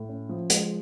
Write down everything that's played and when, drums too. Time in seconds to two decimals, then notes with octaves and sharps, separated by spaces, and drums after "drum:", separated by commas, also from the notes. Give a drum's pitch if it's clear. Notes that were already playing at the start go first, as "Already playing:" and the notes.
Already playing: A2
0.09 C#4
0.29 F3
0.50 G#3, drum: hi-hat